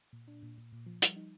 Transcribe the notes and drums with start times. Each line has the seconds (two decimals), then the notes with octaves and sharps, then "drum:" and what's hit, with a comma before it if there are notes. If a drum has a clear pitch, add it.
0.13 A#2
0.28 D4
0.43 A#2
0.58 A#2
0.73 A#2
0.86 F3
1.02 G3, drum: hi-hat
1.17 D#4